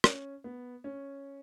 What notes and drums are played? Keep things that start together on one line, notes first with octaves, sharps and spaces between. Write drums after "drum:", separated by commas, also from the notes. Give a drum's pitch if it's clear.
C#4, drum: rim click
B3
C#4